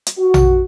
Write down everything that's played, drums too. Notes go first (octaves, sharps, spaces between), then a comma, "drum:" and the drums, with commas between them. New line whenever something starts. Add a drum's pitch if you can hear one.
drum: hi-hat
F#4
drum: tom A#1